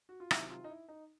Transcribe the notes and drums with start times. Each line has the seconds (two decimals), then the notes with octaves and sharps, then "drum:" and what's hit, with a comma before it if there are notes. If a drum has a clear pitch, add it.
0.09 F#4
0.20 F4
0.31 C3 D#3 F#3 E4, drum: rim click
0.50 F4
0.64 D#4
0.70 E4
0.88 D#4